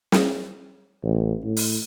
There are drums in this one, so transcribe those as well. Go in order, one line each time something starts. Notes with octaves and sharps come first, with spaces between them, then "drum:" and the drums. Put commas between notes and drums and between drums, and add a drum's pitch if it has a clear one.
drum: snare
A1
A2
drum: open hi-hat